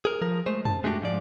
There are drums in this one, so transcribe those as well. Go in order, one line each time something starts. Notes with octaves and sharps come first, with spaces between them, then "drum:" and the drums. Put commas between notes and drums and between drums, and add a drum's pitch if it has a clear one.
G#4 A#4
F3 A#4
G#3 A3 C5
A5, drum: tom
G#3 A3 D4 F#4 G4
G#2 F3 D5